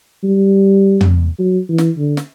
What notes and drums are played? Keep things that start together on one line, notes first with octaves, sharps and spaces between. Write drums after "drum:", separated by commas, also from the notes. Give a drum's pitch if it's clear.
G3
drum: tom
F#3
E3
drum: snare
D3
drum: snare